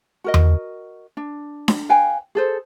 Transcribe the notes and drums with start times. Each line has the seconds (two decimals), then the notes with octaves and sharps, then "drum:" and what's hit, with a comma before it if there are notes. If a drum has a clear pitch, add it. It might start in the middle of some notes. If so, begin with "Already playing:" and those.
0.24 F#4 A#4 D#5
0.34 drum: tom E2
1.17 D4
1.68 drum: snare D4
1.89 B4 F5 G5 G#5
2.35 G#4 A4 C5